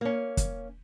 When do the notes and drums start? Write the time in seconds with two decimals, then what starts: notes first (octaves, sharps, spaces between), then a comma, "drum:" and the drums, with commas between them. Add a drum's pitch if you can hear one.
0.01 A#3 C#4
0.37 drum: kick, hi-hat